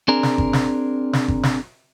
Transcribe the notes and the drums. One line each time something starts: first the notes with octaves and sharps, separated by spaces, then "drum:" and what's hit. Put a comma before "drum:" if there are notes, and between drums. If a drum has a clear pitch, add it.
C4 D4 G#4 A#4
drum: snare
drum: kick G1
drum: snare
drum: snare
drum: kick G1
drum: snare